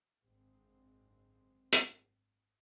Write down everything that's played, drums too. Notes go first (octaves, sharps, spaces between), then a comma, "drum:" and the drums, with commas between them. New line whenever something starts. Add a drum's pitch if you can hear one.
G#1 F#2 D3 G#3 C4
drum: hi-hat